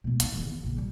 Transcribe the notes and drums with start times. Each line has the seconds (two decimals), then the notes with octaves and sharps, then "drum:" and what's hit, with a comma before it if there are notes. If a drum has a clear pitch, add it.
0.04 B2 A3
0.20 B3 D#4, drum: hi-hat
0.32 D1 D#3
0.46 E2
0.63 A#1 C#3
0.77 F#3 G3